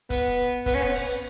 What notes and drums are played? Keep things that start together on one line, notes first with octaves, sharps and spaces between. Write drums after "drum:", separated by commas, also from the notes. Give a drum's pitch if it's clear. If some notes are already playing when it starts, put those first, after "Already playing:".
B3, drum: kick, hi-hat
B3, drum: kick, hi-hat
C#4
B3
drum: open hi-hat